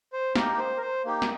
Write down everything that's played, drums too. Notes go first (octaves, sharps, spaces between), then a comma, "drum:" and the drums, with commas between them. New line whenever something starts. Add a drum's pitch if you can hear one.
C5
A#3 D#4 G4 A#4, drum: snare
C5
A#4
C5
A#3 D#4 G4
drum: snare